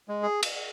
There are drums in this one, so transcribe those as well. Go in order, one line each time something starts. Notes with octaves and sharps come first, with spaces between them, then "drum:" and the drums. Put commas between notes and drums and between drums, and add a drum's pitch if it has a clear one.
G#3
G#4
drum: cymbal